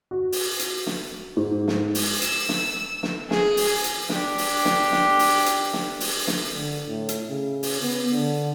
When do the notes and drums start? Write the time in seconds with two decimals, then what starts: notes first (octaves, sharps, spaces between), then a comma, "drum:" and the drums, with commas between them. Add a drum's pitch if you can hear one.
0.11 F#4
0.32 drum: open hi-hat
0.59 drum: hi-hat
0.86 drum: snare
1.37 G#2
1.68 drum: snare
1.95 drum: open hi-hat
2.22 E6, drum: hi-hat
2.49 drum: snare
3.03 drum: snare
3.31 G#4, drum: snare
3.57 drum: open hi-hat
3.84 drum: hi-hat
4.09 D4 G4, drum: snare
4.38 drum: open hi-hat
4.65 drum: snare
4.92 drum: snare
5.19 drum: open hi-hat
5.46 drum: hi-hat
5.73 drum: snare
6.00 drum: open hi-hat
6.27 drum: snare
6.51 D3
6.87 A2
7.09 drum: hi-hat
7.30 C#3
7.63 drum: open hi-hat
7.81 B3
8.11 D3